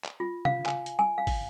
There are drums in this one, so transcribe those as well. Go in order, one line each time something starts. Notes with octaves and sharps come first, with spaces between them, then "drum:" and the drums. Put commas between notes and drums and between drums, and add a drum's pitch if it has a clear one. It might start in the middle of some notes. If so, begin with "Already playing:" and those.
drum: clap
F4
F5, drum: tom
G#5, drum: clap
drum: hi-hat
G#5
F5
drum: kick, open hi-hat